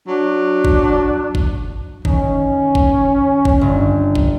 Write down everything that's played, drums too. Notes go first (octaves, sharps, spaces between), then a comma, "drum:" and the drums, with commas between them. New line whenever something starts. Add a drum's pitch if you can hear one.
F#3 D4
drum: kick
drum: kick
D#3 C#4, drum: kick
drum: kick
drum: kick
G1
drum: kick